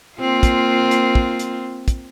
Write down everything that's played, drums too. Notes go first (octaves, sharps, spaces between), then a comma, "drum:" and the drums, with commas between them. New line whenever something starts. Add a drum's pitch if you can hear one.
A#3 C4 F4
drum: kick, hi-hat
drum: hi-hat
drum: kick
drum: hi-hat
drum: kick, hi-hat